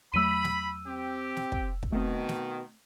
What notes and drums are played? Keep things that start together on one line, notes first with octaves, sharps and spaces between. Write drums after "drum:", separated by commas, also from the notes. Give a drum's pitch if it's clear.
E2 F#3 A3 B5 E6 D#7
drum: snare
C4 G4
drum: snare
drum: kick
drum: kick
B2 D#3 A3 C4
drum: snare